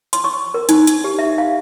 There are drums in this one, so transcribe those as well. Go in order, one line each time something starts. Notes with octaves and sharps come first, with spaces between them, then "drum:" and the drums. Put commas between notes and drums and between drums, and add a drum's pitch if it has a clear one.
C6, drum: hi-hat
C#6
A#4
D#4, drum: hi-hat
drum: hi-hat
G4
E5
F5